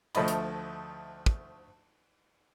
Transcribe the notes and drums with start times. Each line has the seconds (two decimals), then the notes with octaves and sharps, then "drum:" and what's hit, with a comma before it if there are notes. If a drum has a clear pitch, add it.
0.15 D2 F3 A3 D#5 B5, drum: cymbal
0.28 drum: hi-hat
1.26 drum: kick